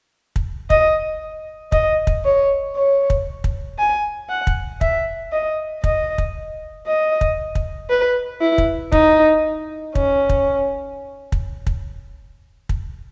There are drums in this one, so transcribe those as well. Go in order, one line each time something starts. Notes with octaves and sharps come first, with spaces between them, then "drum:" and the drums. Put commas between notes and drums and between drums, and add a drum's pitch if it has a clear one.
drum: kick
D#5, drum: kick
D#5, drum: kick
drum: kick
C#5
C#5
drum: kick
drum: kick
G#5
F#5
drum: kick
E5, drum: kick
D#5
D#5, drum: kick
drum: kick
D#5
drum: kick
drum: kick
B4
E4
drum: kick
D#4, drum: kick
C#4, drum: kick
drum: kick
drum: kick
drum: kick
drum: kick